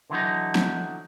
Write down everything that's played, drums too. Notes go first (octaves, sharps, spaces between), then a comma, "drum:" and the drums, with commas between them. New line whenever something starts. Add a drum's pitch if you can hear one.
D3 E3 F#3 D#4
drum: snare